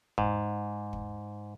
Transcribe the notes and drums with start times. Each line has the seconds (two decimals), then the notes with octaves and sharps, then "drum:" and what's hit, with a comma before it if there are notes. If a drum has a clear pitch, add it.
0.18 G#2, drum: kick
0.93 drum: kick